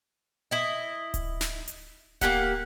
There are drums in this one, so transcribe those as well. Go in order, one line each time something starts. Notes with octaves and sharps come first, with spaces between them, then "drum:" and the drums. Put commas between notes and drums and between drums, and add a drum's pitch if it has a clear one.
E4 D#5
drum: kick D1, hi-hat
drum: snare
drum: hi-hat
A#3 C4 G4 F#5, drum: kick D1, hi-hat